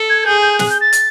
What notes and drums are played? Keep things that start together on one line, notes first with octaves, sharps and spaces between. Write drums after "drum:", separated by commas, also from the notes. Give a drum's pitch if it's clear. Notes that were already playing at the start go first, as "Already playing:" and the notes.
Already playing: A4
G#6
G#6
G#4 G6
G6
G6
F#6, drum: snare
G6
A6
drum: hi-hat